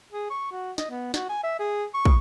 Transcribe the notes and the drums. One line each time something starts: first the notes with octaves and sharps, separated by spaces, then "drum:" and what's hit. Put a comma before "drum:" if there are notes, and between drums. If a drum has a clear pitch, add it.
G#4
C#6
F#4
D#5, drum: snare
B3
F#4, drum: snare
G#5
E5
G#4
C#6
drum: kick